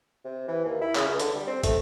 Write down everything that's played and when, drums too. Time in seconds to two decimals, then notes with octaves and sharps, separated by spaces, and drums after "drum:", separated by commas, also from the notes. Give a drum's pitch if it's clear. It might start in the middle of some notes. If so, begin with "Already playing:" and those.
0.25 C3
0.48 E3
0.65 D#2
0.81 E4
0.95 C#3, drum: clap
1.08 C#2
1.20 D3, drum: hi-hat
1.35 G3
1.47 C4
1.63 A3, drum: kick, hi-hat